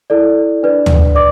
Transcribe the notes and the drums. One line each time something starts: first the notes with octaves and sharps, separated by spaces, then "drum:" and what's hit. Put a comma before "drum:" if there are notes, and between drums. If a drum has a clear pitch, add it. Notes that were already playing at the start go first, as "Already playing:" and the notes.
E4 A4 D5
D4 B4 D5
drum: tom
D5 D6